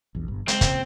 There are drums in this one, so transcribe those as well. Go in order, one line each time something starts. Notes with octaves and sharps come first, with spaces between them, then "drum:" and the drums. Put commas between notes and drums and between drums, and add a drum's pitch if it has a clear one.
A#1 E2
G1 G2
G#3 C4, drum: hi-hat
A#2 C#3, drum: kick, hi-hat